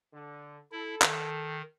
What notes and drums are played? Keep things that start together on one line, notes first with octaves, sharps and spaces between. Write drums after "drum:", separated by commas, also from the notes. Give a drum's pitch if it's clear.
D3
E4 A4
D#3, drum: clap